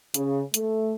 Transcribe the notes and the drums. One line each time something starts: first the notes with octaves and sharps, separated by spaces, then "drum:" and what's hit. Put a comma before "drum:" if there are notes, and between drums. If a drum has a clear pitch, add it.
C#3, drum: hi-hat
A3, drum: hi-hat